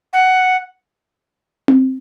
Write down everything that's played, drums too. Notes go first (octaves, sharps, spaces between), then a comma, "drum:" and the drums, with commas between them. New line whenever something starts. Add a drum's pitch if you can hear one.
F#5
drum: tom C4